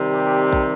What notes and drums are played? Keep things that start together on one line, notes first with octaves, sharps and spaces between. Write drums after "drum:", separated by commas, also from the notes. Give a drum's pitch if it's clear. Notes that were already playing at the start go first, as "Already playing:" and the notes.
Already playing: C3 D#3 G3
G4
drum: kick A#1